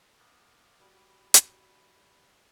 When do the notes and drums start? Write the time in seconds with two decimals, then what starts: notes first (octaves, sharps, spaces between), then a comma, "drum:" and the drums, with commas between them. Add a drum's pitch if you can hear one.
0.19 A#3 B3
0.80 G3 F#4 B5
1.34 drum: hi-hat